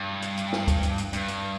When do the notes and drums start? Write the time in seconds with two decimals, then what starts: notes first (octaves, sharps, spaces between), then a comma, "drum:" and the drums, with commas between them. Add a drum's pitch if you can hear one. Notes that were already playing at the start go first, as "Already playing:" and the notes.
Already playing: G2
0.22 drum: hi-hat
0.37 drum: hi-hat
0.53 drum: snare
0.68 drum: kick D2, hi-hat
0.83 drum: hi-hat
0.98 drum: hi-hat
1.13 G2, drum: hi-hat
1.28 drum: hi-hat